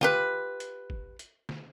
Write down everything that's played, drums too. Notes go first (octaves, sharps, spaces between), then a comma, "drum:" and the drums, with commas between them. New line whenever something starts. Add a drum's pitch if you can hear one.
F4 G4 B4, drum: snare
drum: hi-hat
drum: kick
drum: hi-hat
drum: snare